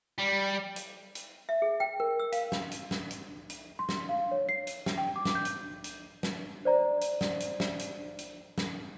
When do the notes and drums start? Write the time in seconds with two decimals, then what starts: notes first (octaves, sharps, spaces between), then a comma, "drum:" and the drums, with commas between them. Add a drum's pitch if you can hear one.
0.19 G3
0.76 drum: hi-hat
1.15 drum: hi-hat
1.49 E5
1.62 G#4
1.80 G5
2.00 A#4
2.19 E6
2.32 F5, drum: hi-hat
2.52 drum: snare
2.71 drum: hi-hat
2.91 drum: snare
3.11 drum: hi-hat
3.50 drum: hi-hat
3.79 C6
3.89 drum: snare
4.09 F5
4.31 C#5
4.49 C7
4.67 drum: hi-hat
4.86 drum: snare
4.98 G5
5.16 D6
5.25 drum: snare
5.35 G6
5.45 drum: hi-hat
5.84 drum: hi-hat
6.23 drum: snare
6.65 C5 D5 A#5
7.01 drum: hi-hat
7.21 drum: snare
7.40 drum: hi-hat
7.60 drum: snare
7.79 drum: hi-hat
8.19 drum: hi-hat
8.58 drum: snare